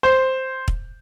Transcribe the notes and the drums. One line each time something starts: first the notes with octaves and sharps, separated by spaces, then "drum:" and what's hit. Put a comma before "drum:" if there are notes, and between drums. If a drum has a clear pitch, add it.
C5
drum: kick